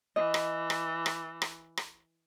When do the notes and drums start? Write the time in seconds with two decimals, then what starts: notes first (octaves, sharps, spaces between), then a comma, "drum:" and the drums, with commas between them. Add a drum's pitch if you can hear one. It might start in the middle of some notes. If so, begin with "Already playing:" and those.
0.16 E3 D#5
0.34 drum: rim click
0.70 drum: rim click
1.06 drum: rim click
1.42 drum: rim click
1.77 drum: rim click